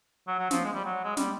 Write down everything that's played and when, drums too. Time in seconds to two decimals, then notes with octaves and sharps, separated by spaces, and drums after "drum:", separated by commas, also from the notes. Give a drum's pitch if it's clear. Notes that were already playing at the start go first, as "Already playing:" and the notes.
0.28 F#3
0.39 F#3
0.51 F3, drum: snare
0.65 G#3
0.74 G3
0.84 F#3
1.04 G#3
1.17 G3, drum: snare